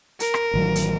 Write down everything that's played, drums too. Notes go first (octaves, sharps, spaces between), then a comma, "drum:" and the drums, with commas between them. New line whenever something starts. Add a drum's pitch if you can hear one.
A#4, drum: hi-hat
drum: rim click
A1 D#3 F#3
drum: hi-hat